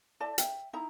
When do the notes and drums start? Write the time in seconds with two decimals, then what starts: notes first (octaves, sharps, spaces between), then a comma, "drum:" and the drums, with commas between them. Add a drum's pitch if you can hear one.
0.20 E4 D5 A5
0.38 E5 G5, drum: hi-hat
0.73 D#4 E4 A#5